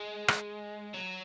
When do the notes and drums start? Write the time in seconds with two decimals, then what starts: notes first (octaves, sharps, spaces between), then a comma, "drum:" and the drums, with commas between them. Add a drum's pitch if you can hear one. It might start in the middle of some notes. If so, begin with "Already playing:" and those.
Already playing: G#3
0.28 drum: rim click
0.94 F#3